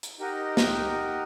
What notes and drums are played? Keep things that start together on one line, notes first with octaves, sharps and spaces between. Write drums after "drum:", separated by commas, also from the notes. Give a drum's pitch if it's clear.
drum: hi-hat
D#4 G4 A#4 D#5 F#5
drum: snare